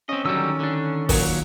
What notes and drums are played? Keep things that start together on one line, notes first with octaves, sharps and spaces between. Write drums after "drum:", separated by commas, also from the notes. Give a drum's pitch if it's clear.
C4 C#4 D#5
D3 D#3 F#3 G3 E6
D3 D4
A#2 F#3, drum: kick, open hi-hat